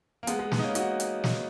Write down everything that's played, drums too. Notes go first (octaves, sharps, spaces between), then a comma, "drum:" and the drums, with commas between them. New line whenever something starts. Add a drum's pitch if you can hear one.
A#3
G#3 B3, drum: hi-hat
G#3
G#3 B3, drum: snare
D#4
A#3 C#4
D#4 F#4, drum: hi-hat
drum: hi-hat
drum: snare